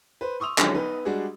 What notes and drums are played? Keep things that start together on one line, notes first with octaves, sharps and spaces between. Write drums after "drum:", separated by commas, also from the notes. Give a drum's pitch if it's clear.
B4 C5
C6 C#6 D#6 E6 F7
D3 D#3 F3 F#3 G#3 C#4, drum: clap
B3 D#4 B4
G3 G#3 D4 F#4 G#4